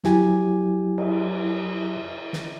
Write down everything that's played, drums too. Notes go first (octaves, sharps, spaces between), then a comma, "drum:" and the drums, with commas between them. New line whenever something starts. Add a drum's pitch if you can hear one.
F2 F#3 E4 G4 G#5, drum: snare
drum: cymbal
drum: snare